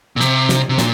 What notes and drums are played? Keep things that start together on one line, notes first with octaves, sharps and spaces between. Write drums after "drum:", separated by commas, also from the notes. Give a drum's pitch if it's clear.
A#2
C3, drum: snare
drum: snare
C3
A#2, drum: snare